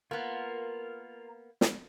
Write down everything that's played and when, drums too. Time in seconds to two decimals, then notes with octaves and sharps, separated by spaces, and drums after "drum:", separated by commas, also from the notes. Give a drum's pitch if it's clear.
0.11 A#3 B3 F4 A#4
1.61 drum: snare